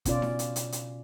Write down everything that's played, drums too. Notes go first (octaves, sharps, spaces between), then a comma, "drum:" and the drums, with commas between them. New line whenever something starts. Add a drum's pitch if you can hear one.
B2 C#4 F4 D5, drum: kick, hi-hat
drum: snare D#4
drum: hi-hat
drum: hi-hat
drum: hi-hat